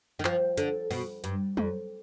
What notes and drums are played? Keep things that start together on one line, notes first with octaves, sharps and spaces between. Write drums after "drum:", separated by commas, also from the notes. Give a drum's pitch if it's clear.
D#3
F3, drum: clap
D3, drum: hi-hat
B2, drum: open hi-hat
G2, drum: hi-hat
F2, drum: tom F#3